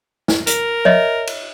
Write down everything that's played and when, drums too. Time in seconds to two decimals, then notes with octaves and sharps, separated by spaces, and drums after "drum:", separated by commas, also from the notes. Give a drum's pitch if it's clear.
0.28 drum: snare
0.47 A#4, drum: hi-hat
0.85 C#5 D#5 E5
1.27 drum: cymbal